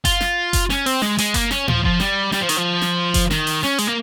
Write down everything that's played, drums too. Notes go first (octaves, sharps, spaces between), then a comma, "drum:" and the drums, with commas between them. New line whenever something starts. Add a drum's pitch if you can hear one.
F4, drum: kick F#1, hi-hat
drum: snare
drum: kick F#1, hi-hat
C#4, drum: snare
C4, drum: open hi-hat
G#3, drum: snare
G#3, drum: hi-hat
A#3, drum: kick F#1, hi-hat
C#4, drum: snare
F3, drum: tom A2
F3, drum: kick F#1
G3, drum: snare
G3, drum: snare
F3
D#3, drum: hi-hat
F3
drum: snare
drum: kick F#1, hi-hat
D#3, drum: snare
drum: open hi-hat
C#4, drum: snare
G#3, drum: hi-hat
A#3